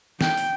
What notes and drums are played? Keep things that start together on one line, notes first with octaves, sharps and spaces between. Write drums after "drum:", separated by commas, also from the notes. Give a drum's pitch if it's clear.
G5, drum: snare
drum: open hi-hat